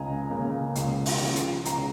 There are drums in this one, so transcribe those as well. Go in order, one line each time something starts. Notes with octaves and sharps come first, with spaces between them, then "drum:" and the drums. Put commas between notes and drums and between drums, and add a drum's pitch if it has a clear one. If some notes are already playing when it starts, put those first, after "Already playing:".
Already playing: C#2 C#3 D#5 G#5 A#5
C#3 A#3
C#2, drum: hi-hat
drum: open hi-hat
C#3 F3
drum: hi-hat
C#2 A#5, drum: hi-hat